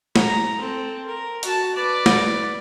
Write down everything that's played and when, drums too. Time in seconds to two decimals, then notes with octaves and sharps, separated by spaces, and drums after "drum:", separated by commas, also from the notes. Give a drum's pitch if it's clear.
0.16 A#5, drum: snare
0.58 C4 A4
1.06 A#4
1.43 F#4 A5, drum: hi-hat
1.74 B4 D5
2.06 drum: snare